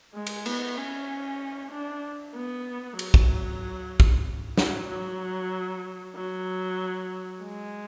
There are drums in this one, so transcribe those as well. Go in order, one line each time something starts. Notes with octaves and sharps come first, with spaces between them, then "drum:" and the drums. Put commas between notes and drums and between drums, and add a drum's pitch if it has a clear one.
G#3
drum: cymbal
B3, drum: cymbal
C#4
D4
B3
F#3, drum: cymbal
drum: kick
drum: kick
F#3, drum: snare
F#3
F#3
G#3